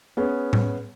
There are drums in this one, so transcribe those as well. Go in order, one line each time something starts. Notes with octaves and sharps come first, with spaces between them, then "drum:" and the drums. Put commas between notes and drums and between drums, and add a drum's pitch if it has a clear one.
B3 C#4 G#4
drum: tom A2